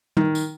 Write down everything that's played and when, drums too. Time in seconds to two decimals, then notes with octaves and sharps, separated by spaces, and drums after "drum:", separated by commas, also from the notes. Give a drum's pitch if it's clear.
0.17 D#3, drum: tom
0.35 drum: tambourine